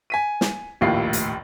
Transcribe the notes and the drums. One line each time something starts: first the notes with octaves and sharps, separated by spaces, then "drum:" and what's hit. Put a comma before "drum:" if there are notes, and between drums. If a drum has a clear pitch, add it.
G#5 B6 D#7
drum: snare
F1 A#1 D#2 A2 F4 C7
drum: hi-hat